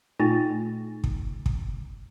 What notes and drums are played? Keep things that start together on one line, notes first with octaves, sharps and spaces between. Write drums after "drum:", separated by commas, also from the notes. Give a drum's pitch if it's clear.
A#2 A3 D#4 F4 G#5 A6
drum: kick
drum: kick